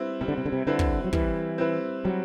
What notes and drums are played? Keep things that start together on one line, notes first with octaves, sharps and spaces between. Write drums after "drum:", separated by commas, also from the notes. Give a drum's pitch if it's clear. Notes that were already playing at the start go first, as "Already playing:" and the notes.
Already playing: G3 C4 E4 B4
C3 G3
D3
C3
D3
C3
D3 C4 E4 B4
drum: kick
F#3
E3 G3, drum: kick
C4 E4 B4
F#3 G3